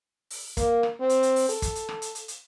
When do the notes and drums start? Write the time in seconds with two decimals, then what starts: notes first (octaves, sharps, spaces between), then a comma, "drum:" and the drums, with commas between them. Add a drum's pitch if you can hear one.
0.30 drum: open hi-hat
0.57 A#3, drum: kick, hi-hat
0.83 drum: rim click
1.00 C4
1.10 drum: hi-hat
1.23 drum: hi-hat
1.36 drum: open hi-hat
1.49 A4, drum: hi-hat
1.62 drum: kick, hi-hat
1.75 drum: hi-hat
1.89 drum: rim click
2.02 drum: hi-hat
2.15 drum: hi-hat
2.28 drum: hi-hat